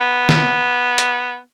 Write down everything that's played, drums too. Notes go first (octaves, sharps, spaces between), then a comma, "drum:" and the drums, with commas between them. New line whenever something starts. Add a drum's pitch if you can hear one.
B3
drum: snare
drum: hi-hat